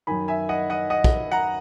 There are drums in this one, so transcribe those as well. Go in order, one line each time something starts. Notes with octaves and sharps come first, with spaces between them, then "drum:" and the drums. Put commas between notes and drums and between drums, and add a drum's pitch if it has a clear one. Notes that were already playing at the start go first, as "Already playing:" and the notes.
F#2 D#3 G#5 B5
E5 G#5
D#5 F#5
D#5 F#5
D#5 F#5
drum: kick
F#5 A#5